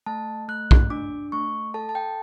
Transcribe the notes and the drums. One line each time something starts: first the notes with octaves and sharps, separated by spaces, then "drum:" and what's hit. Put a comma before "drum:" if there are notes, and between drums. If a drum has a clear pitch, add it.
A3 A5
A3 F#6
drum: kick B1
D4 D6
A3 C#6
A4 A5
A5
G5